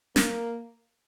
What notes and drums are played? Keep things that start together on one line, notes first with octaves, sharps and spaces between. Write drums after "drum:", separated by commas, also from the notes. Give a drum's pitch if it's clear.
A#3, drum: snare